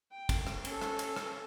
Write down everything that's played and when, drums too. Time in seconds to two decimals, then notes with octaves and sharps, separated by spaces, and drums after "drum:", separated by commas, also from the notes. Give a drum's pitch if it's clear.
0.12 G5
0.29 drum: kick, cymbal
0.47 drum: rim click
0.65 C#4 A4, drum: cymbal
0.82 drum: rim click
0.99 drum: cymbal
1.16 drum: rim click